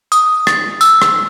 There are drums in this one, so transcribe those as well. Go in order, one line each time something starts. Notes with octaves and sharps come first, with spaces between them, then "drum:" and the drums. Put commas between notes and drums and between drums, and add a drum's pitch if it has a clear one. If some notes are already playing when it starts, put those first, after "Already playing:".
D#6, drum: tambourine
A6, drum: rim click
E6, drum: tambourine
drum: rim click